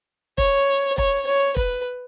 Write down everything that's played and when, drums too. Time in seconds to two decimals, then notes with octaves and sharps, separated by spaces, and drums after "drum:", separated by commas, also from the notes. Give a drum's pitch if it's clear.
0.38 C#5, drum: kick
0.98 C#5, drum: kick
1.27 C#5
1.56 B4, drum: kick